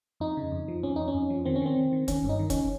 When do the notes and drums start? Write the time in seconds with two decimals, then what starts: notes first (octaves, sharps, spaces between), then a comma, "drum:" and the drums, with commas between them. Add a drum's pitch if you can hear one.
0.20 F2 D#4
0.37 C#3
0.52 F2
0.68 F3
0.83 F2 C#4
0.96 F2 D#4
1.08 C#4
1.14 F2
1.30 F3
1.45 D#3 C4
1.56 C#4
1.62 D#3 C4
1.77 D#3
1.93 D#3
2.08 D#3 C#4, drum: kick, hi-hat
2.24 G2
2.29 D#4
2.39 D#3
2.50 C#4, drum: kick, hi-hat